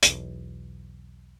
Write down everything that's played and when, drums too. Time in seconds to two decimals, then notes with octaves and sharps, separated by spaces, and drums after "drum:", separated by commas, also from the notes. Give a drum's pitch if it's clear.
0.02 B1 E2, drum: hi-hat